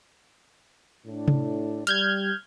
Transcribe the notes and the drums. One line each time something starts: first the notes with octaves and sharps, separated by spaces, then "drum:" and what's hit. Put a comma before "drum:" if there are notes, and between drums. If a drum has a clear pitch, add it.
A2 D4
drum: tom C3
G3 F6 G6 G#6, drum: hi-hat